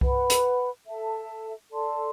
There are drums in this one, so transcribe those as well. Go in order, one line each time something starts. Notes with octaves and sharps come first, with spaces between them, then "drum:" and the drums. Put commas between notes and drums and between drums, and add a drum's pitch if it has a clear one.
B4 F#5 B5, drum: kick C2
drum: hi-hat
A4 E5 A5
A4 D5 A5 C6